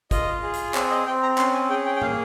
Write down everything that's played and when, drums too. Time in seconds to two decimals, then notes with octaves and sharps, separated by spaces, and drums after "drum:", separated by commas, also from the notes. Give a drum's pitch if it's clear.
0.11 F4 D#5, drum: kick, hi-hat
0.43 G#4
0.53 drum: hi-hat
0.74 C4 C#5, drum: clap
0.91 D#5
1.06 C4 G5
1.22 A#5
1.38 C#4 C6, drum: clap
1.54 G#5
1.70 G#4 G5
1.86 G5
1.96 G5
2.02 A#3 F5, drum: tom G#2